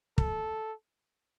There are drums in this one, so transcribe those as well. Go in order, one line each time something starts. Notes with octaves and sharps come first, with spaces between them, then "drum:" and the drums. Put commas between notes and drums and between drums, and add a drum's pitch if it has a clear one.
A4, drum: kick